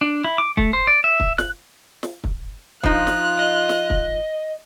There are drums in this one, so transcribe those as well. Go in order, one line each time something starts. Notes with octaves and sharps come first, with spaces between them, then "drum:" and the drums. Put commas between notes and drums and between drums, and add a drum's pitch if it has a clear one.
D4
E4
D6
A3, drum: kick
C5
D5
E5
drum: kick
F#6, drum: snare
drum: snare
drum: kick
F3 D#4 F4 F#6, drum: kick
drum: snare
D#5
drum: snare
drum: kick